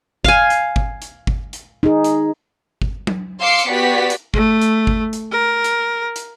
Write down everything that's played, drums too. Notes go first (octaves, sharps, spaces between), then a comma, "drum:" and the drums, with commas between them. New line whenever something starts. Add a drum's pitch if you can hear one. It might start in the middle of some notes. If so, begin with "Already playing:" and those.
F5 G#5, drum: kick G1
drum: hi-hat
drum: kick G1
drum: hi-hat
drum: kick G1
drum: hi-hat
D#4 G#4
drum: hi-hat
drum: kick G1
drum: tom F#3
F5 C6 D6 E6 C7 C#7
drum: hi-hat
B3 F#4 G4 D5 B6
drum: hi-hat
A3, drum: kick G1
drum: hi-hat
drum: kick G1
drum: hi-hat
A#4
drum: hi-hat
drum: hi-hat